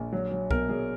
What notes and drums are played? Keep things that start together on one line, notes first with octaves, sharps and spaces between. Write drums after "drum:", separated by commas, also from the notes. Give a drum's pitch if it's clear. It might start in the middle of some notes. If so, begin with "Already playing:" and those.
Already playing: A#1
F#3
F#3
B2 A#4, drum: kick B1
F#3 G#4